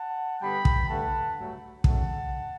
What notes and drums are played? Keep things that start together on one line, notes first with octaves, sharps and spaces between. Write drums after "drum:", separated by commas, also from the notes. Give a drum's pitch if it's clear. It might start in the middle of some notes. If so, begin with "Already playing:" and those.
Already playing: F#5 A5
G2 D3 G3 B3 G5 B5
drum: kick
G2 D3 A3 F#5 A5
G2 F#3 A3
C#3 F#3 A3 C#4 F#5 A5, drum: kick